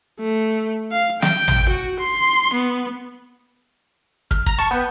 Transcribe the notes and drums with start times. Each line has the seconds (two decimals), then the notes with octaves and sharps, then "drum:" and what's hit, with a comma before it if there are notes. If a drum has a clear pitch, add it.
0.20 A3
0.92 F5
1.22 G5, drum: snare
1.48 drum: tom
1.69 F#4
2.00 C6
2.54 B3
4.31 F6, drum: kick
4.46 A#5, drum: kick
4.58 A5 C#6
4.71 B3 G5